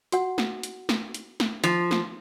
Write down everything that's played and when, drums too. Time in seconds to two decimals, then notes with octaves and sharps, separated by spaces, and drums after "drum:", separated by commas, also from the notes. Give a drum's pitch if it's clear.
0.12 F#4 F#5, drum: hi-hat
0.38 drum: snare
0.63 drum: hi-hat
0.89 drum: snare
1.14 drum: hi-hat
1.40 drum: snare
1.64 F3, drum: hi-hat
1.91 drum: snare